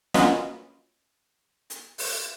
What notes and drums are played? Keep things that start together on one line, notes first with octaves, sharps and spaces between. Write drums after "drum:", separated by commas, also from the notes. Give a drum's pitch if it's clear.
A#3 C#4 F4 F#4 B4 D#5, drum: snare
drum: hi-hat
drum: open hi-hat